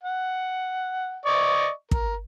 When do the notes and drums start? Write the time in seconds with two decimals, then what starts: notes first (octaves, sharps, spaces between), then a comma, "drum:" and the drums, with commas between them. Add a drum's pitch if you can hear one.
0.03 F#5
1.26 D5 D#5 C#6
1.91 A#4, drum: kick